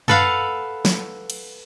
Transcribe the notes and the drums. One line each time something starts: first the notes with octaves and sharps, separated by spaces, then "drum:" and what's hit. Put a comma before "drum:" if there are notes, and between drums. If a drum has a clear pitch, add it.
A4 B4 F5 F#5, drum: tom F#2
drum: snare
drum: cymbal